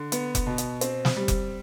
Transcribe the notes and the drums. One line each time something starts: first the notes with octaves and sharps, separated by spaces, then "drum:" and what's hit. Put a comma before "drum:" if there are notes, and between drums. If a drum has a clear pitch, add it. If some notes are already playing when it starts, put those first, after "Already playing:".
Already playing: D3
B3, drum: hi-hat
drum: kick F1, hi-hat
B2
drum: hi-hat
C4, drum: hi-hat
drum: snare
G3
drum: kick F1, hi-hat